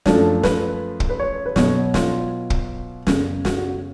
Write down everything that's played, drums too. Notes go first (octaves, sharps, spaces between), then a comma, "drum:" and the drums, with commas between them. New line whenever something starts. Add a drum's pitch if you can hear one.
F#2 F3 A3 D4, drum: snare
B4, drum: snare
drum: kick
B4
C#5
B4
B2 F#3 B3 C#5, drum: snare
F4, drum: snare
drum: kick
F#2 C#3 G#3 B3, drum: snare
F#4, drum: snare
F#4
F#4